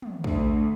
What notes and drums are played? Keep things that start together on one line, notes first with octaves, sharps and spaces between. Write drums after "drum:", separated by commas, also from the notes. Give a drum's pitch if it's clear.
drum: tom
D2, drum: kick